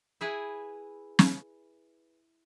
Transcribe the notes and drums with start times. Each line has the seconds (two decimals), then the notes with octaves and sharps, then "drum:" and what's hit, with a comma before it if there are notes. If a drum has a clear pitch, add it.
0.21 E4 G#4 B4
1.19 drum: snare